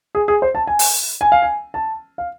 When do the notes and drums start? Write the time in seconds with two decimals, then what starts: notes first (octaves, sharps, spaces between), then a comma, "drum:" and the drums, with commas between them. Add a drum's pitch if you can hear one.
0.15 G#4
0.28 G#4
0.42 C5
0.55 A5
0.67 G#5
0.79 drum: open hi-hat
1.21 G#5
1.32 F5
1.42 G#5
1.74 A5
2.18 F5